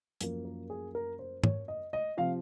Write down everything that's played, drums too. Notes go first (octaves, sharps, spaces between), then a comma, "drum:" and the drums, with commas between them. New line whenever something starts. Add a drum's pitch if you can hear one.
F#2 F3 A#3, drum: hi-hat
A#4
G#4
A#4
C5
C#5, drum: tom G#2
D#5
D#5
C3 F3 F5